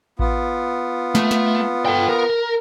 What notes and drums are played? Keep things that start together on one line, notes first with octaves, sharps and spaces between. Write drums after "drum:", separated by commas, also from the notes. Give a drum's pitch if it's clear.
B3 F4, drum: kick A1
A3, drum: snare
drum: snare
A4 G5
A#4